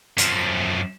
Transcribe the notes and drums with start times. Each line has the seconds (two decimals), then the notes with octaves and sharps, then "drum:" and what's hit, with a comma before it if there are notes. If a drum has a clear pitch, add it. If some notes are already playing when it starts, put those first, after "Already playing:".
0.18 F#2 F3, drum: hi-hat